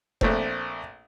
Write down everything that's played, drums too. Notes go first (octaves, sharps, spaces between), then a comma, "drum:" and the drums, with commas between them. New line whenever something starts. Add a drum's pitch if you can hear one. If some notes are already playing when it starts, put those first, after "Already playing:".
A#1 A3 C4, drum: kick F1